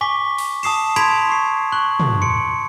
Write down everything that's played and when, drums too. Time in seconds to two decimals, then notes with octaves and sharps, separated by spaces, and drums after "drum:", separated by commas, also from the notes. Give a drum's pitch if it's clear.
0.01 G#5 C#6 D6 B6 G7
0.38 drum: open hi-hat
0.63 A5 D#6 C7 E7, drum: cymbal
0.96 B5 C6 G#6 B6 D7 F7, drum: hi-hat
1.29 C#6 C7
1.72 C#6 F#6 F#7
2.00 drum: tom
2.21 C6 C#7 D7